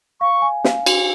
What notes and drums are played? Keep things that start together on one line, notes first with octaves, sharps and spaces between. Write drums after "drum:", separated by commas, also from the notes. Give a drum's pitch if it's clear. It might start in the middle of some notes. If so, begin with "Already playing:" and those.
F5 C#6
G#5
F5, drum: snare
F#4, drum: cymbal